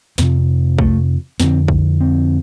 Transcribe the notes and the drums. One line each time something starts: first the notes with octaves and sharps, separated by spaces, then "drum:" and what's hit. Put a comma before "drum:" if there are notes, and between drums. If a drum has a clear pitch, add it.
F2 C3 C4, drum: snare
A3, drum: kick B1
F2 D3 C4, drum: snare
drum: kick B1
C4